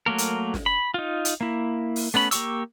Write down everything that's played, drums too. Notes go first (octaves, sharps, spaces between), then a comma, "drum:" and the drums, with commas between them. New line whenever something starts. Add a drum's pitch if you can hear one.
F#3 A3 A#3 A#4
drum: hi-hat
drum: snare
B5
D#4 F4
drum: hi-hat
A#3 E4
drum: open hi-hat
A3 B3 C#4 B5
A#3 G4 C#6 E6, drum: hi-hat